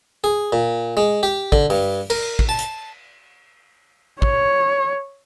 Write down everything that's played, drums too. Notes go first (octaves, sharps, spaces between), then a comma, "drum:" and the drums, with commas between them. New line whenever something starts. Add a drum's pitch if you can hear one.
G#4
A#2
G#3
G4
D3, drum: kick
G2, drum: open hi-hat
A#4, drum: cymbal
drum: kick
A5
drum: hi-hat
C#5, drum: kick